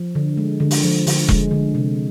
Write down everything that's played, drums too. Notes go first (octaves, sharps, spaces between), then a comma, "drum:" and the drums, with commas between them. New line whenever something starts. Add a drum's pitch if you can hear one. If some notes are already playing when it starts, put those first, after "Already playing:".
Already playing: F3
D3
G#3
D3
drum: open hi-hat
F3
D3, drum: open hi-hat
G#3, drum: kick E1
D3
C3